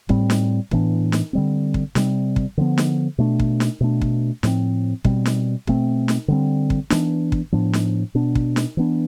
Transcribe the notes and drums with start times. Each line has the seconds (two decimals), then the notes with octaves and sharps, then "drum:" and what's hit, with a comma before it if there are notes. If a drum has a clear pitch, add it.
0.09 A2 G3 C4, drum: kick
0.30 drum: snare
0.71 A2 E3 B3 D4, drum: kick
1.12 drum: snare
1.33 D3 G3 C4
1.74 drum: kick
1.95 C3 G3 C4, drum: snare
2.36 drum: kick
2.57 D3 F3 B3
2.78 drum: snare
3.18 B2 A3 D4
3.40 drum: kick
3.60 drum: snare
3.81 B2 A3 D4
4.02 drum: kick
4.43 A2 F3 C4, drum: snare
5.05 B2 G3 C4, drum: kick
5.25 drum: snare
5.67 B2 A3 C4, drum: kick
6.08 drum: snare
6.28 D3 G3 C4
6.70 drum: kick
6.90 E3 B3 D4, drum: snare
7.32 drum: kick
7.52 A2 F3 B3 D4
7.73 drum: snare
8.15 B2 B3 D4
8.35 drum: kick
8.56 drum: snare
8.77 E3 B3 D4